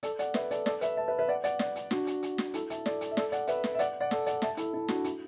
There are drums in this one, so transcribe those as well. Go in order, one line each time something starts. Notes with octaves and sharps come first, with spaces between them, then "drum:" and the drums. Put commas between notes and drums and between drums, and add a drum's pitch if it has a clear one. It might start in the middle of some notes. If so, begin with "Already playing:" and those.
A4 D5, drum: hi-hat
D5 F#5, drum: hi-hat
B4 E5, drum: snare
A4 D5, drum: hi-hat
A4 D5, drum: snare
B4 E5, drum: hi-hat
E5 A5
B4 E5
B4 E5
D5 F#5
D5 F#5, drum: hi-hat
D5 F#5, drum: snare
drum: hi-hat
D4 F#4, drum: snare
drum: hi-hat
drum: hi-hat
drum: snare
E4 A4, drum: hi-hat
E5 A5, drum: hi-hat
A4 D5, drum: snare
drum: hi-hat
E5
A4 D5, drum: snare
D5 F#5, drum: hi-hat
B4 E5, drum: hi-hat
drum: snare
E5
D5 F#5, drum: hi-hat
D5 F#5
A4 D5, drum: snare
D5 F#5, drum: hi-hat
E5 A5, drum: snare
E4 A4, drum: hi-hat
E4 A4
D4 F#4, drum: snare
E4, drum: hi-hat